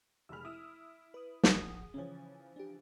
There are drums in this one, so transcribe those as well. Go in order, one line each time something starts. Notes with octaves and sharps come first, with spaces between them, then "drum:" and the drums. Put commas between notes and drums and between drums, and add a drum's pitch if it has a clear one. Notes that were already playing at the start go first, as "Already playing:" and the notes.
F1 G#3 B5 E6 F6
E4 D#6 E6
B4 D#6
A1 F3 G#4 F#5 D#6, drum: snare
C#3 E3 F3 C#4 C#5
D4 G4